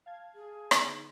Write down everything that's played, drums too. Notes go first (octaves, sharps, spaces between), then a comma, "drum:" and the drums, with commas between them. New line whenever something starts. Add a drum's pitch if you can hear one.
F5 A5 G#6
G#4
D3 B3 D#4, drum: rim click